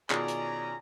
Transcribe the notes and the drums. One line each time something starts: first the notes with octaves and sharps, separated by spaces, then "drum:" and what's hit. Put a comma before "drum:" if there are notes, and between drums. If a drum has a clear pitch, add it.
B2 D#3 C#4 F4 G#4 D5 G#5 A#5, drum: clap
drum: hi-hat